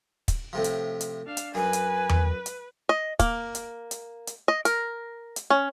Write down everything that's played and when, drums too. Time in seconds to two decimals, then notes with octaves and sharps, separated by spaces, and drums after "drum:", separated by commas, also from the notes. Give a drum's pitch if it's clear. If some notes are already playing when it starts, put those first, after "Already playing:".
0.28 drum: kick, hi-hat
0.53 A2 C3 F3
0.64 drum: hi-hat
1.01 drum: hi-hat
1.26 D4 F5
1.37 drum: hi-hat
1.55 F#2 B4 G#5
1.73 drum: hi-hat
2.09 drum: tom E2
2.46 drum: hi-hat
2.89 D#5
3.19 A#3, drum: kick, hi-hat
3.55 drum: hi-hat
3.91 drum: hi-hat
4.27 drum: hi-hat
4.48 D#5
4.65 A#4, drum: hi-hat
5.36 drum: hi-hat
5.50 C#4